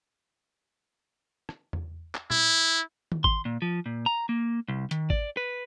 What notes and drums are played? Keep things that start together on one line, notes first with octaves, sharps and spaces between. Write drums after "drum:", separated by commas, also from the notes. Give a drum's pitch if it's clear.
drum: rim click
drum: tom E2
drum: clap
E4, drum: tom A#2
drum: tom D#3
C6, drum: kick G#1
A#2
F3
A#2
A#5
A#3
C2
D#3, drum: hi-hat
D5, drum: kick G#1
B4